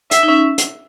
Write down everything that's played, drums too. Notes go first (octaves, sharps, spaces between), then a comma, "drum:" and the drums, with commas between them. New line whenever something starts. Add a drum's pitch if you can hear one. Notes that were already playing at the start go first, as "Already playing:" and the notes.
E5, drum: hi-hat
D#4
C#4
drum: hi-hat